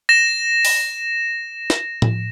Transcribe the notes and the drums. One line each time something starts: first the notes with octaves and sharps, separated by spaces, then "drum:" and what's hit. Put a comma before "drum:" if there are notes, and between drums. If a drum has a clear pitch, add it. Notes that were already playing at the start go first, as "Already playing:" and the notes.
A#6 E7
drum: open hi-hat
drum: snare
drum: tom A2